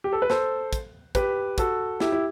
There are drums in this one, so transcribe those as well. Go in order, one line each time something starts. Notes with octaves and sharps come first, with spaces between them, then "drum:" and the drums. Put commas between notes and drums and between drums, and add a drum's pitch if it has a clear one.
G4
A4
B4
A4 C5, drum: snare
drum: kick, hi-hat
G4 B4, drum: kick, hi-hat
F#4 A4, drum: kick, hi-hat
E4 G4, drum: snare
E4